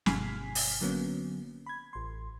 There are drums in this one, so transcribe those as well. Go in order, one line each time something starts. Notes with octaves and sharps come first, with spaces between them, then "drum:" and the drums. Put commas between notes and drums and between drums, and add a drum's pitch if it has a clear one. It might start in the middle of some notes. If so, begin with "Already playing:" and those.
G1 B2 G#5 F6 B6 C7, drum: snare
drum: open hi-hat
D3 F#3 A#3 B3 C#4
B5 G#6
A1 C6